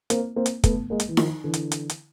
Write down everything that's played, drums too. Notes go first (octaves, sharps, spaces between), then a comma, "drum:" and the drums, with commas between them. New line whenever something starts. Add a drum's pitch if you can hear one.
A#3 C4, drum: hi-hat
A#3 C4
drum: hi-hat
A3 B3, drum: kick, hi-hat
G#3 A#3
drum: hi-hat
E3
D#3 F3, drum: snare D#4
D3 E3
drum: hi-hat
drum: hi-hat
drum: hi-hat